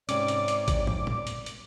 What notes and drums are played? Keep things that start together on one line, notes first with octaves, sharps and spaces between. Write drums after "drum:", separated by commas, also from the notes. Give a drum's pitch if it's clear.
G#2 C3 C#4 D5 D6, drum: hi-hat
drum: hi-hat
drum: hi-hat
drum: kick A1, hi-hat
drum: tom
drum: tom
drum: hi-hat
drum: hi-hat